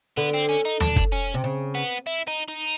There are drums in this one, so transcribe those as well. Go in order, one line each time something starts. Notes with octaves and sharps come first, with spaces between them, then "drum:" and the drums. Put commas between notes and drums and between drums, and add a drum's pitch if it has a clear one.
D3 B3
C4
C#4
D#4
D4, drum: tom D#2
drum: kick
C#4
C3
C#3
B3
E4
D#4
D#4